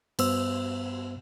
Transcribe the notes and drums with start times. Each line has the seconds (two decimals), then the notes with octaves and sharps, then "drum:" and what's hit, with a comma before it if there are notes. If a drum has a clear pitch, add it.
0.19 G2 B3 C5 E6, drum: cymbal